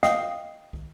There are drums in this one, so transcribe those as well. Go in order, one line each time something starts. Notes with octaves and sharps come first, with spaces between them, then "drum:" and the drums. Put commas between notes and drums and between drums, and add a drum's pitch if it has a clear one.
D#5 F5 G5 D#6 C7, drum: snare
drum: kick